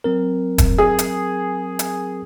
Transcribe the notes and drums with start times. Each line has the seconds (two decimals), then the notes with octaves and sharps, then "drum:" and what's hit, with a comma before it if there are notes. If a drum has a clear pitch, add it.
0.04 F#3 C4 A#4
0.58 drum: kick E1, hi-hat
0.78 G#4
0.99 drum: hi-hat
1.79 drum: hi-hat